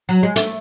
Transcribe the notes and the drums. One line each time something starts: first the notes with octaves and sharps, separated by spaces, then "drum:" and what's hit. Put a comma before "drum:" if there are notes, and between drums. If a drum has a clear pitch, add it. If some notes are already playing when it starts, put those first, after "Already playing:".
F#3
G#3
A3, drum: hi-hat